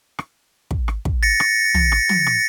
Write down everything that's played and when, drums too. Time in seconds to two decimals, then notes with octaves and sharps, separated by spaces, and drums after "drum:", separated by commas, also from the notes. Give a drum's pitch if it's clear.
0.19 drum: rim click
0.71 drum: kick
0.88 drum: rim click
1.05 drum: kick
1.23 A6 A#6 C#7
1.40 drum: rim click
1.75 drum: tom
1.92 drum: rim click
2.09 drum: tom
2.27 drum: rim click